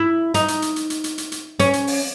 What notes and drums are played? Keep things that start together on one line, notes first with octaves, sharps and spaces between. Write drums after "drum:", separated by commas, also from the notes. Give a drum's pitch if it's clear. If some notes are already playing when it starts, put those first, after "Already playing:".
Already playing: E4
D#4, drum: hi-hat
drum: hi-hat
drum: hi-hat
drum: hi-hat
drum: hi-hat
drum: hi-hat
drum: hi-hat
drum: hi-hat
C#4, drum: hi-hat
drum: hi-hat
drum: open hi-hat